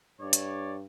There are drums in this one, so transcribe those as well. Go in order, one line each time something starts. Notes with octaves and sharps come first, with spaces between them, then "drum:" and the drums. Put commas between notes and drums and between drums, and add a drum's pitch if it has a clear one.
G2 C#5 D5
drum: hi-hat